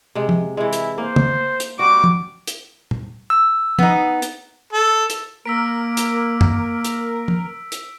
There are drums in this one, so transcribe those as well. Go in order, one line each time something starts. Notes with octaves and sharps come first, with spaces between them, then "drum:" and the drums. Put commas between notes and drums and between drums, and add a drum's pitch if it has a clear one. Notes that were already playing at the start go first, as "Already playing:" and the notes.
C3 G#3
drum: tom
E3 G#3 E4
drum: hi-hat
A#3 C5
drum: tom
drum: hi-hat
G3 F#4 D6
drum: tom
drum: hi-hat
drum: tom
E6
B3 D#4, drum: tom
drum: hi-hat
A4
drum: hi-hat
A#3 A#4 E6 B6 D7
drum: hi-hat
drum: tom
drum: hi-hat
drum: tom
drum: hi-hat